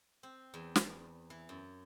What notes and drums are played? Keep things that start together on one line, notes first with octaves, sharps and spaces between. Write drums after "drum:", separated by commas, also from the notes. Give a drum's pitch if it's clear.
C4
E2
drum: snare
E3
F#2